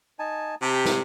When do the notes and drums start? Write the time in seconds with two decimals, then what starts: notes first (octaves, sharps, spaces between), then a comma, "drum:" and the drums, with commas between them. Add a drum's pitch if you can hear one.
0.19 D#4 G#5 A5
0.62 C3 G4 A5
0.85 drum: snare